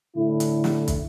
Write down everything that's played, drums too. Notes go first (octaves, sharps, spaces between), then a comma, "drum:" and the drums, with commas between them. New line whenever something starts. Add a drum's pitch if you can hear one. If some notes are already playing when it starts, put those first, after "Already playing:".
A2 D3 E4
drum: hi-hat
drum: snare
drum: kick, hi-hat